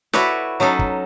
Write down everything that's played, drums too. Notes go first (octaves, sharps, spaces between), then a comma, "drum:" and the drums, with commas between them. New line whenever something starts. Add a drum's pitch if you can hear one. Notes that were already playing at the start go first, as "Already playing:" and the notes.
E4 F#4 A4 B4 C#5 D5, drum: snare
F#3 C#4 D#4 A4 B4
drum: kick